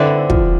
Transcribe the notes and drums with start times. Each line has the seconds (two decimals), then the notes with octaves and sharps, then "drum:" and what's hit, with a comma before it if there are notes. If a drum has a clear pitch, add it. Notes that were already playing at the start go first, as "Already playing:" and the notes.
Already playing: D3 C4 E4 B4 D5
0.30 F3, drum: kick